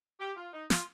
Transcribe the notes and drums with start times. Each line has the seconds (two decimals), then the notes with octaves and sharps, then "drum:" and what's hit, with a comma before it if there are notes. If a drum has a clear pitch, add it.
0.19 G4
0.36 F4
0.53 D#4
0.70 F4, drum: snare